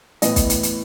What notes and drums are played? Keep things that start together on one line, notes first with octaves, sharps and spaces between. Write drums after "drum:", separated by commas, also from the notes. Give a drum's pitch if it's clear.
A2 E3 B3 D#5, drum: hi-hat
drum: kick, hi-hat
drum: hi-hat
drum: hi-hat